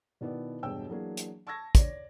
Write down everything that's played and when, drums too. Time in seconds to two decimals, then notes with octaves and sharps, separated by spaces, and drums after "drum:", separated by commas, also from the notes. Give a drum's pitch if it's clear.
0.21 B2 D#3 B3 E4 D5
0.63 E1 G2 B2 G5 E6
0.89 E3 F#3 A#3 D4 G#4
1.17 drum: hi-hat
1.47 A5 C#6 E6 G#6 A#6
1.75 C#5 D5, drum: kick, hi-hat